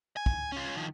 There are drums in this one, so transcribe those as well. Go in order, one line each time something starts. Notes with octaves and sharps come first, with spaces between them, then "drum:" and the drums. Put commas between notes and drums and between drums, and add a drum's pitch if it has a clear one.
G#5
drum: kick
C#4 F4
D#3 F3